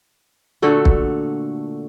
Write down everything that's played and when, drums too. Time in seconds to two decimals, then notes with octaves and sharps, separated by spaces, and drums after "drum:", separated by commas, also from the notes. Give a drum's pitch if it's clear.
0.62 A#2 D3 A3 F#4
0.85 drum: kick